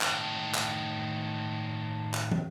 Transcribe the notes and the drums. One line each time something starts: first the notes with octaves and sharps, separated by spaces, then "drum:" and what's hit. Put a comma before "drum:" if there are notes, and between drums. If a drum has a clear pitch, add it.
A2 D#3, drum: clap
drum: clap
drum: clap
drum: tom